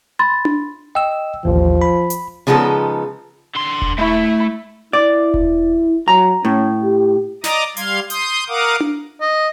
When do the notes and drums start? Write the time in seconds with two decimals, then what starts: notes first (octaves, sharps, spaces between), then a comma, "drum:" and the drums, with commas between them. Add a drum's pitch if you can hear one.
0.19 B5 C6 A6
0.45 drum: tom D4
0.95 D#5 G5 E6
1.45 A1 D#2 F3
1.82 B5
2.10 drum: hi-hat
2.47 C#3 F3 G#3 B3 D#4 A4
3.55 D3 C6
3.82 drum: kick E1
3.98 A3 E4 B5
4.93 E4 D5
5.34 drum: kick E1
6.08 F#3 A#5
6.45 A2 C#4
6.83 G4
7.44 D5 D#5 A#5 D6 D#6, drum: snare
7.77 G3 F5 C6 G#6, drum: hi-hat
8.10 C6 D#6 G6, drum: hi-hat
8.48 A#4 F5 F#5 D6 D#6
8.80 drum: tom D4
9.21 D#5